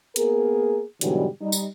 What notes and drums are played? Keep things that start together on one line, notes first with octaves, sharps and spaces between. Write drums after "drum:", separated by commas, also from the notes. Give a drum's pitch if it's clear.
A#3 B3 G#4 A#4, drum: hi-hat
G#2 B2 D3 E3 F#3 G3, drum: hi-hat
G3 D#4
drum: tambourine